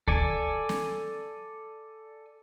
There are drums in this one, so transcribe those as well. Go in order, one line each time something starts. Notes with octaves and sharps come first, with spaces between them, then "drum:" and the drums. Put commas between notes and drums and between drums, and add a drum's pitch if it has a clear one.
A4 D5 G#5, drum: kick D2
drum: snare